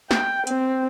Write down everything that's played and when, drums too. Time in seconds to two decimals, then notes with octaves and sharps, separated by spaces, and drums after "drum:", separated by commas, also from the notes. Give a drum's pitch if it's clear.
0.11 G5, drum: snare
0.47 C4, drum: hi-hat